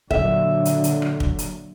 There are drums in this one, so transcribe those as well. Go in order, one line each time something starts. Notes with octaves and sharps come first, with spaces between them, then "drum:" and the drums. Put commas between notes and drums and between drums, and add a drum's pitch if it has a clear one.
A#2 D3 F#3 E5, drum: kick
drum: hi-hat
drum: hi-hat
drum: rim click
drum: kick
drum: hi-hat